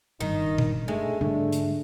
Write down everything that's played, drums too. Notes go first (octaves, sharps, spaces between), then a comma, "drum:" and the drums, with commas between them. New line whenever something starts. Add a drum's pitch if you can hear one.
F#1 G2 D#3 D#4
drum: tom A#2
G#3 A3 D4
G#2 D3 G3 A3 D4
drum: hi-hat